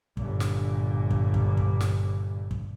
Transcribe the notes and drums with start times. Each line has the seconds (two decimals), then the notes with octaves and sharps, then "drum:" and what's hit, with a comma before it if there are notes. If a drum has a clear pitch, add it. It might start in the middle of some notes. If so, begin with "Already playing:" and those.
0.17 G1 A#2, drum: kick
0.40 drum: snare
1.10 drum: kick
1.34 drum: kick
1.57 drum: kick
1.81 drum: snare
2.51 drum: kick